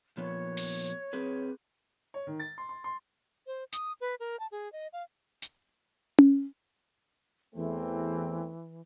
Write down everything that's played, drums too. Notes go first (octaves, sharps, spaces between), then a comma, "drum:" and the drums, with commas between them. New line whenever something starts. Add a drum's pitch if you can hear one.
A#2 F3 B3 C#5
drum: open hi-hat
C4 G#4 B4
C#5
D#3
A6
C6
C6
C6
C5
D#6, drum: hi-hat
B4
A#4
A5
G#4
D#5
F5
drum: hi-hat
drum: tom C#4
E2 E3 A3 C4